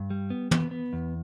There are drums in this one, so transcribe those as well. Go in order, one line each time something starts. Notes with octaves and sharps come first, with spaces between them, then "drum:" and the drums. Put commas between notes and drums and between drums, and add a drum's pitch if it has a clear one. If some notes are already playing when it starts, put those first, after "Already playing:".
Already playing: G2
G3
B3
B3, drum: tom
B3
E2